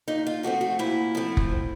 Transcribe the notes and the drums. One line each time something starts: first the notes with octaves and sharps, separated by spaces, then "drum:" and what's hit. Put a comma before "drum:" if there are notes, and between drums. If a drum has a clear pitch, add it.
A#2 D#4
F4
F3 A3 C4 F#4
F#4
A#2 E4
F3 A3 C4
drum: kick F1